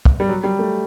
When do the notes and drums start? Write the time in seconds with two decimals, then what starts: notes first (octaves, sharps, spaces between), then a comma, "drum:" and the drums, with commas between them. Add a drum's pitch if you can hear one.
0.05 drum: kick
0.20 G3
0.29 F#3
0.44 G3
0.59 A3